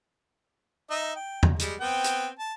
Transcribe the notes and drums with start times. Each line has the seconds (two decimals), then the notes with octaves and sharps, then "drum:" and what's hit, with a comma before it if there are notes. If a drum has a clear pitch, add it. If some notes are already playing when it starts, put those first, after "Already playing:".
0.90 D#4 D#5 E5
1.16 G5
1.43 drum: tom
1.59 G3 G#3, drum: hi-hat
1.80 B3 C4 G5
2.04 drum: hi-hat
2.39 A5